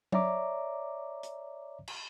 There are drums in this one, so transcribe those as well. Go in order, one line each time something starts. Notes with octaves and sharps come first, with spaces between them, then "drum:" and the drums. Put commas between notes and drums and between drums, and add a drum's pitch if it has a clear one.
C#5 D5 E5 A#5 D6, drum: tom F#3
drum: hi-hat
drum: cymbal